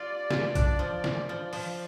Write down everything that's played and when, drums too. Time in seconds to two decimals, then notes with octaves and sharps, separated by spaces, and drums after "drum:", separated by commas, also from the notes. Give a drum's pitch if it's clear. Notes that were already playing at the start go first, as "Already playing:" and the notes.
Already playing: F4 G4 D5
0.31 F4, drum: snare
0.55 D4, drum: kick A#1, hi-hat
0.79 F3
1.04 drum: snare
1.29 F3
1.53 F3, drum: open hi-hat